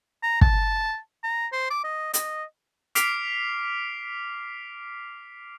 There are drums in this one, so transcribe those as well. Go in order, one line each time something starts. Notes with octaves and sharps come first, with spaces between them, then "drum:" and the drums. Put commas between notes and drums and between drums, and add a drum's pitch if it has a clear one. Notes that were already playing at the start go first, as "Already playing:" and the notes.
A#5
A5, drum: kick
A#5
C5
D6
D#5
D#5, drum: hi-hat
D6 F6 B6 C7 D7 F7, drum: hi-hat